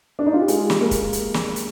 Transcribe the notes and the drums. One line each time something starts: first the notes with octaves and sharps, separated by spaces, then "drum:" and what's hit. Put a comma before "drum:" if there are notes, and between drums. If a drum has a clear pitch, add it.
D4
D#4
F4
G4
G#3 G#4, drum: hi-hat
drum: snare
A#3 A#4
drum: kick, hi-hat
drum: hi-hat
drum: snare
drum: hi-hat